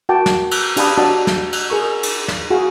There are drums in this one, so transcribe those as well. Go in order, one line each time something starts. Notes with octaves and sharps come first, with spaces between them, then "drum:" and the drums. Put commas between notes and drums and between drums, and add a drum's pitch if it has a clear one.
F#4 A#4 G5 A5 D6
drum: snare
drum: cymbal
D4 G4 F5 A5 B5 D#6, drum: cymbal
D4 F#4 C#5 D#5 A5
drum: snare
drum: cymbal
G#4 A#4 C#6
drum: cymbal
drum: snare
F#4 G#4 F5